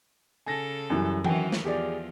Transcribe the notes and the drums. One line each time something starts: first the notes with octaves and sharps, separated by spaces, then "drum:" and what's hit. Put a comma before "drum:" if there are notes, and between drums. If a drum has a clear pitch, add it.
C#3 A4 G#5 A5 A#6
F#2 E3 G3
F#2 D#3 E3 F#4 G5 G#5, drum: tom E3
drum: snare
E2 F3 G4 G#4 D5